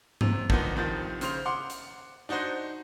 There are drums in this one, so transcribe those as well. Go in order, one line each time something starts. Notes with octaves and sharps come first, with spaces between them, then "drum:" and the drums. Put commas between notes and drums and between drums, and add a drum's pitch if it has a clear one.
C3 F7, drum: tom G2
D3 D#3 F3 B3 D#4, drum: kick
C2 D#3 F3 A6
C#3 C5 C6 F7, drum: hi-hat
F#5 C6 D6
drum: hi-hat
D4 D#4 F#4 C5 D#5